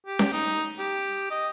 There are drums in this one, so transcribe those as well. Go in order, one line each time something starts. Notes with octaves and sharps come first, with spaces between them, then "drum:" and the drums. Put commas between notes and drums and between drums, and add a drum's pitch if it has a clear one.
G4
drum: snare C#4
D#4
G4
D#5